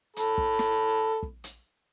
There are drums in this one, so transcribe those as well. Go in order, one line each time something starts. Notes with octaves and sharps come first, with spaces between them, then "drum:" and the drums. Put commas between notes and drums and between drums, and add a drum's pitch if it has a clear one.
A4 B5, drum: hi-hat
drum: kick
drum: snare
drum: kick
drum: hi-hat